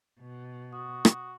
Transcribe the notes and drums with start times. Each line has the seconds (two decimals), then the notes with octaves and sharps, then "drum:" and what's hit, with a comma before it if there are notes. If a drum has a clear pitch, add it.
0.20 B2
0.73 F#4 D#6
1.05 drum: rim click